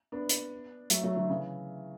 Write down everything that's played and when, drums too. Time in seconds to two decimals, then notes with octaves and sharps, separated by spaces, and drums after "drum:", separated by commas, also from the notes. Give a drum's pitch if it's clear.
0.12 B3 D4
0.29 drum: hi-hat
0.90 F#3 A3, drum: hi-hat
1.04 F#3 A3
1.16 D3 F#3
1.29 C#3 E3